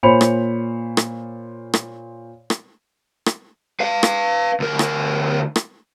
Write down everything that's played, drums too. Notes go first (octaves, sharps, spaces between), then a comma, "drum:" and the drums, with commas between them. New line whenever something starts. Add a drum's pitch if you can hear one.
A#2 C5 C#5 B5 C#7 F7
drum: rim click
drum: rim click
drum: rim click
drum: rim click
drum: rim click
B4 F5
drum: rim click
D2 A#4
drum: rim click
drum: rim click